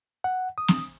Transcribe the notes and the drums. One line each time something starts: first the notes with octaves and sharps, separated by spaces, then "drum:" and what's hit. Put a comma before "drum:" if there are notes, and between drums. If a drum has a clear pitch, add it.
F#5
D#6
drum: snare